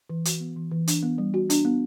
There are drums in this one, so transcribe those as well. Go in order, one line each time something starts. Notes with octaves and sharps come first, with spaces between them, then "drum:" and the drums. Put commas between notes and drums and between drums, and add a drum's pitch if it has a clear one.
E3
F#4, drum: hi-hat
B3
E3
E3
D4, drum: hi-hat
B3
G3
F#4
D4, drum: hi-hat
B3